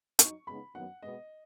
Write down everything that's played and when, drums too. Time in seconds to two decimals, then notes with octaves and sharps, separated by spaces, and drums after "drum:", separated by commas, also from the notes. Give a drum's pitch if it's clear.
0.19 F#2 F#3 D#4 C#6, drum: hi-hat
0.47 C#3 G#3 B3 D#4 B5
0.75 F#2 D#3 F#3 B3 F#5
1.02 B2 G#3 B3 D#5